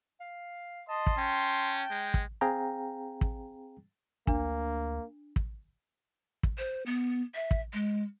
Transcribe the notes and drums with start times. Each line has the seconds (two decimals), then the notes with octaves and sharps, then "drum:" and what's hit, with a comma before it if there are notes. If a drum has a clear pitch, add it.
0.20 F5
0.89 D#5 A5 C6
1.07 drum: kick
1.18 C#4 G5
1.91 G#3
2.14 drum: kick
2.41 C4 G#4 F5 G5 A#5
3.21 drum: kick
4.27 D2 A#3 D4, drum: kick
5.36 drum: kick
6.43 drum: kick
6.58 C5
6.86 B3
7.35 E5
7.51 drum: kick
7.73 G#3